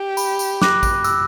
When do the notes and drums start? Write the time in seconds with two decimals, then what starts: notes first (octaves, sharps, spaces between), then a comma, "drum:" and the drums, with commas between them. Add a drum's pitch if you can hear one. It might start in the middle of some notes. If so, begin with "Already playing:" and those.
Already playing: G4
0.17 B5, drum: tambourine
0.39 drum: tambourine
0.62 D6 F#6 A#6, drum: snare
0.83 drum: kick, tambourine
1.04 E6, drum: tambourine